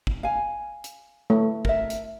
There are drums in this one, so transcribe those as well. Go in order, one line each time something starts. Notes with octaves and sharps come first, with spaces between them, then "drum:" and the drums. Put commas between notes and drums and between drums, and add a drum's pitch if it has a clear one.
drum: kick
F5 G#5
drum: hi-hat
A3
A#4 E5, drum: kick
drum: hi-hat